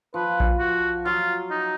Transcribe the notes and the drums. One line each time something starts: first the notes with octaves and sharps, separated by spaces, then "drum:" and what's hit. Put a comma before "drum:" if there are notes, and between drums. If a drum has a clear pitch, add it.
F3 B4
drum: kick A#1
F#4
F#3 F4
D#4